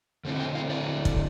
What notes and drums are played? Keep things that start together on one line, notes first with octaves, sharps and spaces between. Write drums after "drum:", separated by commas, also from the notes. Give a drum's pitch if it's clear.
D3 A3 C4 E4
G5
F5
D5
drum: kick